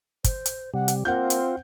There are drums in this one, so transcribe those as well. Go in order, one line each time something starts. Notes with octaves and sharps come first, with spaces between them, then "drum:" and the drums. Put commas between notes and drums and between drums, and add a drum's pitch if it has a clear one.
C5, drum: kick, hi-hat
drum: hi-hat
C3 G3 F#5
drum: hi-hat
A#3 C4 F4 F#5 G6
drum: hi-hat